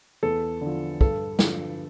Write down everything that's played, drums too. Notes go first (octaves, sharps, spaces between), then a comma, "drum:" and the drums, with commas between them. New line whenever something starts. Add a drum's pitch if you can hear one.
E2 A4
D3 F3
G2 A4, drum: kick
D3 F3, drum: snare